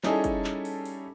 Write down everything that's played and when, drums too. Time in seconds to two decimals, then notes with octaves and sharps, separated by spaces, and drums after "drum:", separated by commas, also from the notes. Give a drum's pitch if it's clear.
0.03 G3 C#4 D#4 E4 G#4 A4, drum: clap
0.24 drum: kick, hi-hat
0.44 drum: clap
0.65 drum: open hi-hat
0.85 drum: open hi-hat